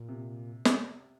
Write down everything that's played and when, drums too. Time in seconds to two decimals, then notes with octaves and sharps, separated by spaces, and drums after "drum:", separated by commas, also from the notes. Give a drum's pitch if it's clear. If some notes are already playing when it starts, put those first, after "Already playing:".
Already playing: A#2
0.09 C3
0.65 drum: snare